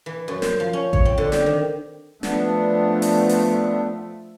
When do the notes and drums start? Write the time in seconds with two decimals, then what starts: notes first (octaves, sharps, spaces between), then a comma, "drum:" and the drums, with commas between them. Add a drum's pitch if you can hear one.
0.06 E3
0.28 F#2
0.42 C5, drum: snare
0.60 F3
0.73 C#4
0.93 C#5, drum: kick A1
1.05 C4
1.18 D3
1.32 G4, drum: snare
1.46 D#3
2.23 F3 A3 B3 D4, drum: snare
3.02 drum: open hi-hat
3.29 drum: open hi-hat